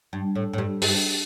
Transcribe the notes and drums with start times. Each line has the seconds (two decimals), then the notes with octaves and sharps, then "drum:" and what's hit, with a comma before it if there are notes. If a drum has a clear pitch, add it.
0.13 G2
0.35 A2
0.53 A2
0.58 G2
0.82 G2, drum: open hi-hat